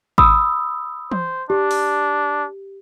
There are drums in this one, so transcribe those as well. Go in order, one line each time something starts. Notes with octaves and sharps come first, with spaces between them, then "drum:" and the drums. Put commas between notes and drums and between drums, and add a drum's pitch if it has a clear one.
B5 D#6 E6, drum: kick G#1
C5, drum: tom E3
D4 G4
drum: open hi-hat